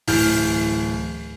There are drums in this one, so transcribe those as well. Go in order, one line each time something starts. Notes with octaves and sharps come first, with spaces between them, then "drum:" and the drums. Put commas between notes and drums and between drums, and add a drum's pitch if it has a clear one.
D1 E3 F6 G6, drum: open hi-hat